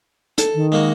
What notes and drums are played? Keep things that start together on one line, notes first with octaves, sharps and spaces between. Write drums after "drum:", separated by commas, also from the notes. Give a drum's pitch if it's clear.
A4, drum: hi-hat
D#3
G#3 A#3 F#4